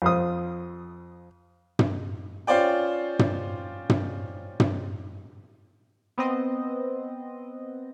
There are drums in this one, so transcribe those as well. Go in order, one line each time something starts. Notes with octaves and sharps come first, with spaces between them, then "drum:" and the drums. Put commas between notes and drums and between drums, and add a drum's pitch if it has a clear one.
F2 C5 D#6
drum: tom
C#4 F4 C5 D5 G5
drum: tom
drum: tom
drum: tom
B3 C4 D#5